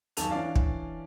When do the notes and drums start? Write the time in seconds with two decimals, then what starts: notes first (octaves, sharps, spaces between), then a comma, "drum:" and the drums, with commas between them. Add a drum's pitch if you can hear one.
0.17 G1 F#2 D#3 A4 A5 F7, drum: hi-hat
0.31 E3 C#4 D4 D5 F5
0.56 drum: kick